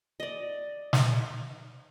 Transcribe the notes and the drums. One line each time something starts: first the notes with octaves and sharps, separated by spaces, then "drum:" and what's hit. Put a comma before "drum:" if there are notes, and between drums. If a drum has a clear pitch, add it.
D5 D#5
drum: snare